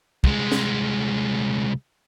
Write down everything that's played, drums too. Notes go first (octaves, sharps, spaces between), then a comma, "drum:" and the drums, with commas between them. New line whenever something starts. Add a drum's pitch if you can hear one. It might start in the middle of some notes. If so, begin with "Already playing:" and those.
C2 G#3, drum: kick
drum: snare